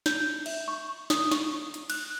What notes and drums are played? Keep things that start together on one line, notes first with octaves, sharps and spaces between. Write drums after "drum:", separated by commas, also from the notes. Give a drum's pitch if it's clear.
G6, drum: snare
E5, drum: cymbal
C#6
D#6, drum: snare
C#6, drum: snare
drum: hi-hat
F#6, drum: cymbal